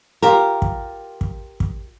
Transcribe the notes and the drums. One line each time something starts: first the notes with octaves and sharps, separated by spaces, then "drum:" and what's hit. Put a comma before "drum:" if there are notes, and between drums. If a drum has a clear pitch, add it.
F4 G4 A#4
drum: kick
drum: kick
drum: kick